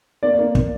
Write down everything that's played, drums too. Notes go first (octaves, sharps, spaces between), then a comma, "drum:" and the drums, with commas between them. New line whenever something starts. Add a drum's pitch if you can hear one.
A#3 D5
D5
A#3
A#3, drum: kick